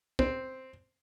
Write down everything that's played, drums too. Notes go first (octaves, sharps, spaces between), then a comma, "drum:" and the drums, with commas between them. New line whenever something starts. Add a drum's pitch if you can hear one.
C4, drum: kick